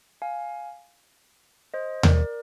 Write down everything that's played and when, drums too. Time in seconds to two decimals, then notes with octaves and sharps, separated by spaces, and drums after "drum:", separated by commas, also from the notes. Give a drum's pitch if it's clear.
0.22 F5 G#5
1.74 C5 D#5
2.03 A#4 D5, drum: tom D#2